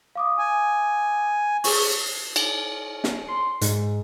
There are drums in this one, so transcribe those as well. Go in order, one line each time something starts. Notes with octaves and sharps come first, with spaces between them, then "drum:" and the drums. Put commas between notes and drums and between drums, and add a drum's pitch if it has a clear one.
F5 D6 D#6
G#5
G#4 C#6, drum: open hi-hat
drum: cymbal
drum: snare
C6
G#2, drum: hi-hat